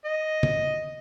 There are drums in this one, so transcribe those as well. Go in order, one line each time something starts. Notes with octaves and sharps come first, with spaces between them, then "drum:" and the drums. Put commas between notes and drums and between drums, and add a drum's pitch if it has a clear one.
D#5
drum: tom